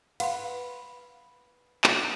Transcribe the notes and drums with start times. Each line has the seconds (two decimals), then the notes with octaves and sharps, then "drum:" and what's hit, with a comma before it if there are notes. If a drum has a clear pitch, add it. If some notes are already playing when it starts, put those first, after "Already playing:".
0.20 B4 F5 F#5 B5 C6, drum: cymbal
1.84 drum: clap